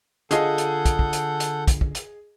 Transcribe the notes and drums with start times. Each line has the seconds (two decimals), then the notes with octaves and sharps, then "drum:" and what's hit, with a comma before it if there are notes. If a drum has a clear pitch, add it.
0.31 D3 F4 G#4 A4 D#5 F5 F#5 G6, drum: hi-hat
0.58 drum: hi-hat
0.85 drum: kick, hi-hat
0.99 drum: kick
1.13 drum: hi-hat
1.40 drum: hi-hat
1.67 drum: kick, hi-hat
1.81 drum: kick
1.95 drum: hi-hat